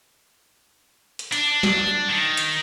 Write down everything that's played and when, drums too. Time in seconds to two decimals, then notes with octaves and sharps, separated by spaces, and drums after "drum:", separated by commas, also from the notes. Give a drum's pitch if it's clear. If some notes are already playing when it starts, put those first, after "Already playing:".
1.19 drum: hi-hat
1.32 D4, drum: hi-hat
1.63 drum: snare
2.08 D#3
2.37 drum: hi-hat